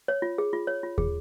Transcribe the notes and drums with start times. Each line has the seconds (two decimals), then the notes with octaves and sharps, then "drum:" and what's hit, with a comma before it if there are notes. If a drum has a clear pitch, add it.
0.08 C#5
0.22 F4
0.38 G#4
0.53 F4
0.67 C#5
0.83 F4
0.98 G#4, drum: kick